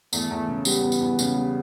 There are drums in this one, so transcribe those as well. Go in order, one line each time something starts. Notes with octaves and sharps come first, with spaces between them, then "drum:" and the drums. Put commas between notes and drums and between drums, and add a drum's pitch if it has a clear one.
E2 A3, drum: tambourine
E2
C#3
G3 B3, drum: tambourine
E2
drum: tambourine
E2
C#3, drum: tambourine
G3